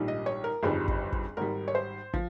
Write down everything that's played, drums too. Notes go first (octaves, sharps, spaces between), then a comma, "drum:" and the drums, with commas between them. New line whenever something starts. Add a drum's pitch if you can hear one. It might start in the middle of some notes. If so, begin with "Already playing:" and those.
Already playing: A#1 G#2 D#3 G3
D#5
C#5
A#4
G1 F2 D#3 G3 G#4
drum: kick
drum: kick
G#1 G#2 G3 A#4
C#5
C5
F3, drum: kick